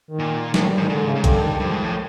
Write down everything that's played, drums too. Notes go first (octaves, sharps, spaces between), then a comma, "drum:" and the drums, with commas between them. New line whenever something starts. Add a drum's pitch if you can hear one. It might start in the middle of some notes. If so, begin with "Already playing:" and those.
D#3
A#2
A2 E3, drum: snare
F#3
G3
G#2
D#3
G#2 D3
C#3
G#2
G2 D3, drum: kick A#1, hi-hat
D#3
G2 F3
G#2
A2